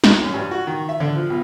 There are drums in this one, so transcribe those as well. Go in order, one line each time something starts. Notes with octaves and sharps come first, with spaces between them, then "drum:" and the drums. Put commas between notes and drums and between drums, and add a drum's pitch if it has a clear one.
D#4, drum: snare
F#2
G2
F#4
D#3
E5
D3
F3
B1